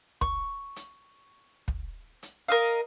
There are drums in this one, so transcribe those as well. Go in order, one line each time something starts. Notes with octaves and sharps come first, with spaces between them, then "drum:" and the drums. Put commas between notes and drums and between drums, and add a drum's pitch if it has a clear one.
C#6, drum: kick
drum: hi-hat
drum: kick
drum: hi-hat
A#4 D#5 F5